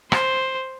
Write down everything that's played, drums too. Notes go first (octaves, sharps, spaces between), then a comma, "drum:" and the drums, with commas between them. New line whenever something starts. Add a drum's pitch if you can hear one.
C5, drum: rim click